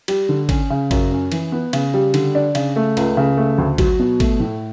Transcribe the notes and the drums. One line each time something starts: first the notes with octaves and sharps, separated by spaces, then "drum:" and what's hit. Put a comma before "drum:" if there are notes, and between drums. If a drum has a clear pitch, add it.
G3, drum: cymbal
D3
C#4, drum: kick, cymbal
C#3
F#2, drum: kick, cymbal
C#4
E3, drum: cymbal
B3
C#3, drum: cymbal
G3
D3, drum: cymbal
D4
C#3, drum: cymbal
A3
C#2, drum: cymbal
C#3
A3
D2
F#3, drum: kick, cymbal
B2
A3, drum: kick, cymbal
A2